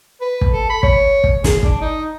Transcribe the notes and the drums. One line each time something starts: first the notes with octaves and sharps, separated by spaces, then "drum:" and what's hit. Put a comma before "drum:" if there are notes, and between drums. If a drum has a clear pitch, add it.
B4
drum: kick
A4
B5
C#5, drum: kick
drum: kick
G#4, drum: snare
D4, drum: kick
D#4